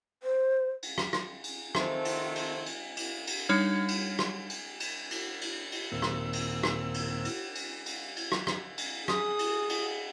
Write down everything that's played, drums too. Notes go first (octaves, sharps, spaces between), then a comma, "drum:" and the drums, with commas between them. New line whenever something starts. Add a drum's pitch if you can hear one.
C5
drum: cymbal
drum: rim click
drum: rim click
drum: cymbal
C3 D#3 F3 A3 C4, drum: rim click
drum: cymbal
drum: cymbal
drum: cymbal
drum: cymbal
drum: cymbal
G3 D4 D#4 C#5 F6 G#6
drum: cymbal
drum: rim click
drum: cymbal
drum: cymbal
drum: cymbal
drum: cymbal
drum: cymbal
D#2 A#2 A#3 C4 E6
drum: rim click
drum: cymbal
drum: rim click
drum: cymbal
drum: cymbal
drum: cymbal
drum: cymbal
drum: cymbal
drum: rim click
drum: rim click
drum: cymbal
G#4 D#6, drum: rim click
drum: cymbal
drum: cymbal